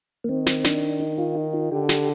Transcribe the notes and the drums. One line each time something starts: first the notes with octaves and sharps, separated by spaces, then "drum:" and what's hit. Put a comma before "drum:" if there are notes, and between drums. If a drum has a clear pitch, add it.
A#3
D#3 C4
drum: snare
D4, drum: snare
D#4
F4
D#4
F4
D3 G4
drum: snare